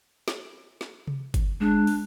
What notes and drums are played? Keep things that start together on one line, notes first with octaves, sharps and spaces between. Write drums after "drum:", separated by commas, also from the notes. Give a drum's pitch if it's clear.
drum: snare
drum: snare
drum: tom C3
drum: kick G1, hi-hat
G#3 D4
drum: open hi-hat